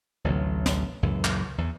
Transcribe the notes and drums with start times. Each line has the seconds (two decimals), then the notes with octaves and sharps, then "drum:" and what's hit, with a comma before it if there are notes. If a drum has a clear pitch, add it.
0.24 A1 D2 C3 F#3
0.66 drum: snare
1.03 C#2 F#2 A#2 E3
1.24 drum: clap
1.58 E2